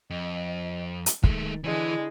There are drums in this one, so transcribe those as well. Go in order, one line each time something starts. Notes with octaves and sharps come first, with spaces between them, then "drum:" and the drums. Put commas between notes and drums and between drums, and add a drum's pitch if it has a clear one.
F2 D#5
drum: hi-hat
D#3 G#3 A3, drum: kick
D3 E3 G#3 E4